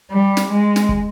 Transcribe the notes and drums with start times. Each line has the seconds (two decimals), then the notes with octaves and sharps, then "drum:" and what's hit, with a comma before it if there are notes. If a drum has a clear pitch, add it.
0.11 G3
0.37 drum: snare
0.50 G#3
0.76 drum: snare
0.89 drum: kick